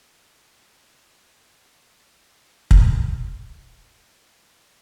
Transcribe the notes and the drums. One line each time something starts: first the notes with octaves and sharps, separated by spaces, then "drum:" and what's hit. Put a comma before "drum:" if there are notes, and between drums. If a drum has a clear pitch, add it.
D3
F#3
D2
G#3
A#3 D4 E4
drum: kick
D2 D4 G#4 B4